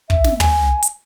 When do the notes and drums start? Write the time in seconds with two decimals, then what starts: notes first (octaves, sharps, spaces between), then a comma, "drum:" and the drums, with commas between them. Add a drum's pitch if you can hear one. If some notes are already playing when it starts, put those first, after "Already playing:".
0.10 E5, drum: kick
0.24 drum: snare
0.40 G#5, drum: tom
0.83 drum: hi-hat